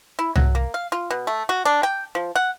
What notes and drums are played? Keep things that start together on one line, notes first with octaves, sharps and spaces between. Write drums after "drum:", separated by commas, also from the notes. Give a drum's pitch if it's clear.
E4
F#3, drum: tom C2
A#3
F5
F4
B2
A3
F#4
D4
G5
F3
F#5